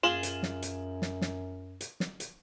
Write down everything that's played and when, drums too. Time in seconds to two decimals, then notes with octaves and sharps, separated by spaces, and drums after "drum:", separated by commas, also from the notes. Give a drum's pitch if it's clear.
0.03 F#2 F4 G#4 E7 F#7 G7
0.23 drum: hi-hat
0.43 drum: snare
0.62 drum: hi-hat
1.02 drum: snare
1.21 drum: snare
1.81 drum: hi-hat
2.00 drum: snare
2.20 drum: hi-hat